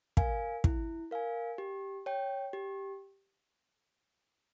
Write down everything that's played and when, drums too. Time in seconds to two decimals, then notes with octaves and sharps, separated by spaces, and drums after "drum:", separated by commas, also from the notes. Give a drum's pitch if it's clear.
0.17 A#4 F5 G#5, drum: kick
0.64 E4, drum: kick
1.11 A#4 F5 G#5
1.58 G4
2.06 C#5 G5
2.53 G4